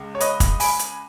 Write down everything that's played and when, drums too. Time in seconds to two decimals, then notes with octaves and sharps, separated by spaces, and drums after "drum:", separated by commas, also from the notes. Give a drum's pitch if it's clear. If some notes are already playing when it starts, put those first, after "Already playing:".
Already playing: C#2 G#3
0.15 C#5
0.20 B4 D#5, drum: hi-hat
0.40 drum: kick, hi-hat
0.60 G#5 B5, drum: open hi-hat
0.79 drum: hi-hat